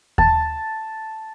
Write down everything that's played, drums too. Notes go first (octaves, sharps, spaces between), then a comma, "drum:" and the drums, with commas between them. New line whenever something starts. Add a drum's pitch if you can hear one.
A5, drum: kick D#2